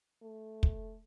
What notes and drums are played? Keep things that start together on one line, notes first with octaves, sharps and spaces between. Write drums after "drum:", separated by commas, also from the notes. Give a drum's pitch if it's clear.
A3
drum: kick